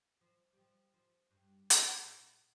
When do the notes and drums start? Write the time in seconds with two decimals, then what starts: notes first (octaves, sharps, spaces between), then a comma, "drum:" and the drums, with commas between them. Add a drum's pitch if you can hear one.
0.21 F3
0.53 G3
0.58 F3
0.94 F3
1.31 G2
1.70 drum: hi-hat
2.04 A#2